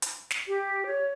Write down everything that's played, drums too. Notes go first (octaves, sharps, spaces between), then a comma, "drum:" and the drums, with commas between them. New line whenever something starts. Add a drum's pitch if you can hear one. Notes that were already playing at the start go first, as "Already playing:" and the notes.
drum: hi-hat
drum: snare
G4
C#5